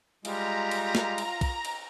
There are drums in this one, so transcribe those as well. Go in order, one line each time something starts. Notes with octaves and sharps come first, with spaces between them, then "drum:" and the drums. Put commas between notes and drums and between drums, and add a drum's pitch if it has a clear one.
G3 G#3 F4 A#5, drum: cymbal
drum: cymbal
drum: snare
drum: cymbal
drum: kick, cymbal
drum: cymbal